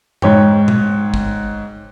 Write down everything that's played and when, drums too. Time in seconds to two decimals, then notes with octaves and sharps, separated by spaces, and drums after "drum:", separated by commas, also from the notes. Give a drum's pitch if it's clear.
0.22 G#2 C#5 G5, drum: tom F2
0.68 drum: tom A#2
1.14 drum: kick